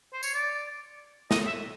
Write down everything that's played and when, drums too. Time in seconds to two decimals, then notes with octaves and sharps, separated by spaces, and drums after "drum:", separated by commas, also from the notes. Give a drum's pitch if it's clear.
0.13 C5
0.23 C#5, drum: tambourine
0.34 D5
1.31 D#5, drum: snare
1.47 E5